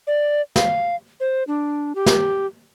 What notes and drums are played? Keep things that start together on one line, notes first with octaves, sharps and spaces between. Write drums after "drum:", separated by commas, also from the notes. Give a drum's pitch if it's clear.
D5
F5, drum: snare
C5
D4
G4
drum: snare